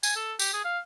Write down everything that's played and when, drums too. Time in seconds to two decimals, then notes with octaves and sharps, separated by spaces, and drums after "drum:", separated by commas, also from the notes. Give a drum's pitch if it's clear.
0.03 G#5, drum: tambourine
0.16 A4
0.39 G4, drum: tambourine
0.53 G#4
0.65 F5